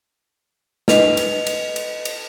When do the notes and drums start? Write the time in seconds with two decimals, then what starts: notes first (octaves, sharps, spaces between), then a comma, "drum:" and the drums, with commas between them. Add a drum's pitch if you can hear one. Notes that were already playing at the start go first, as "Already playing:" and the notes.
0.88 B4 D#5 F7, drum: snare
1.17 drum: cymbal
1.47 drum: cymbal
1.76 drum: cymbal
2.05 drum: cymbal